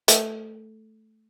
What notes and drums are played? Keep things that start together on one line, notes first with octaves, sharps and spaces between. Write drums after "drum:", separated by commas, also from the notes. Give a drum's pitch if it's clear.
A3, drum: hi-hat